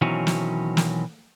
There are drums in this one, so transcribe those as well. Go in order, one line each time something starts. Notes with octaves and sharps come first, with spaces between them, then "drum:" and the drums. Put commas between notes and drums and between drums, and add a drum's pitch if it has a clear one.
B2 D#3 E3 F#3 C4 C#4
drum: snare
drum: snare